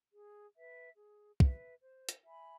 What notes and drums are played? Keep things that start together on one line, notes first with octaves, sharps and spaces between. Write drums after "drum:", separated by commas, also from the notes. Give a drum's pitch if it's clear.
G#4
B4 E5
G#4
B4 E5, drum: kick
C5
drum: hi-hat
E5 G#5 B5